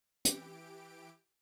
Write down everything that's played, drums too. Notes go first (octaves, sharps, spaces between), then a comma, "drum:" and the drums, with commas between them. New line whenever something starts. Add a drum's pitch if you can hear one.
E3 G4 D7, drum: hi-hat